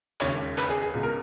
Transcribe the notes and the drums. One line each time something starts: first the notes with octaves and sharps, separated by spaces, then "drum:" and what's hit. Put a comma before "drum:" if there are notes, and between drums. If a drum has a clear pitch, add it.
E1 D#2 C#3 C#5, drum: clap
B4, drum: clap
G#4
G#4
C#2 B2
A#4